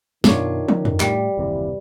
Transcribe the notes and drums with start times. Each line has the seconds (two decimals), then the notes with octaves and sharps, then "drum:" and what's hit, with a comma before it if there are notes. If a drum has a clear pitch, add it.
0.24 F#2 B2 D#3 D4 F4 C#5, drum: snare
0.68 D3 C#4, drum: tom
0.85 drum: tom F2
1.00 A2 G3, drum: clap
1.38 F#1 D#2 C3 E3